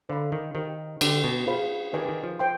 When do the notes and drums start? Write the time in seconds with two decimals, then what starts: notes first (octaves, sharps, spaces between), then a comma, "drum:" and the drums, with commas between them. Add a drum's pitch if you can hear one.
0.09 D3 C5 F5 B5
0.32 D#3
0.55 D#3 G4 C5 D#5
1.01 D3 D4 G4 D5, drum: cymbal
1.24 B2
1.47 F4 G#4 C5 F5 B5
1.93 D#3 G4 B4 D5 G#5
2.09 D#3
2.24 F3
2.39 C5 G5 C6